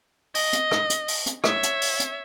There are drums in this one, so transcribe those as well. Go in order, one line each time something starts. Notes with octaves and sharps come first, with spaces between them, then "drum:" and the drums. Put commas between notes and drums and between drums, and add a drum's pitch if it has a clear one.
D#5, drum: open hi-hat
drum: hi-hat
drum: rim click
drum: hi-hat
drum: open hi-hat
drum: hi-hat
C#5 E5, drum: rim click
drum: hi-hat
drum: open hi-hat
drum: hi-hat